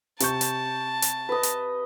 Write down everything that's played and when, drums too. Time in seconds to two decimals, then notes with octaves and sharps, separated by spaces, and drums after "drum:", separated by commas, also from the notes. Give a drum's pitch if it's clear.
0.20 C3 A5 C#6 G6, drum: hi-hat
0.41 drum: hi-hat
1.02 drum: hi-hat
1.29 B4 D#5
1.43 drum: hi-hat